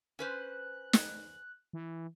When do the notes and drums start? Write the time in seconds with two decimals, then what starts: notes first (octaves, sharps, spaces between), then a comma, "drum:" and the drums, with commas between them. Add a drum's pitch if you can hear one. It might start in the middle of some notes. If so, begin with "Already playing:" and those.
0.19 C#4 B4 C5 F#6
0.93 drum: snare
1.73 E3